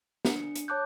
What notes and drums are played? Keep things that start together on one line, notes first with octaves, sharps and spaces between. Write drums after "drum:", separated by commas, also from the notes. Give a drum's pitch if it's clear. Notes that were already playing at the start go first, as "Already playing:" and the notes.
D4 C#7, drum: snare
drum: hi-hat
C#5 A5 D6 F#6 G6